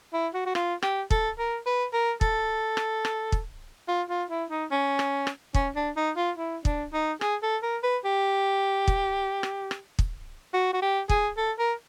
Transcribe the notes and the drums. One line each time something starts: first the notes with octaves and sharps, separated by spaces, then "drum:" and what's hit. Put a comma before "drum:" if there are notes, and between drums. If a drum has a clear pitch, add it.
E4
F#4
F#4
F4, drum: rim click
G4, drum: rim click
A4, drum: kick
A#4
B4
A#4
A4, drum: kick
drum: rim click
drum: rim click
drum: kick
F4
F4
E4
D#4
C#4
drum: rim click
drum: rim click
C#4, drum: kick
D4
D#4
F4
E4
D4, drum: kick
D#4
G#4, drum: rim click
A4
A#4
B4
G4
drum: kick
drum: rim click
drum: rim click
drum: kick
F#4
F#4
G4
G#4, drum: kick
A4
A#4